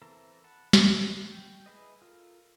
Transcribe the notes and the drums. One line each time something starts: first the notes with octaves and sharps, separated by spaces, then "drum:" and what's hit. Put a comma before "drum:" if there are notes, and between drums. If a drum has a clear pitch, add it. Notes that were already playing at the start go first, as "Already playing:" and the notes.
E3 C4 A4 A#4 E5
F#5 A5 B5
F#4, drum: snare
G5
E4 G#4 B4 D#5
F4 A4 A#4